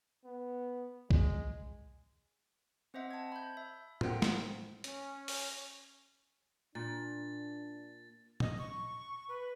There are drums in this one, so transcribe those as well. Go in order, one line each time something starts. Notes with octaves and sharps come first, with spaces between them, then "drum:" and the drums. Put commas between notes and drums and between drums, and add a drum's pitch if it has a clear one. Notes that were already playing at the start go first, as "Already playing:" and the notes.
B3
G#3, drum: kick B1
C4 C5 D#5 E5 F#5
A5 G#6
B5 G6
E5
F4 A4 A#4 C5 F#5 G5, drum: tom
drum: snare
C#4, drum: hi-hat
drum: open hi-hat
A#2 D4 A6
D#5, drum: tom
C#6
B4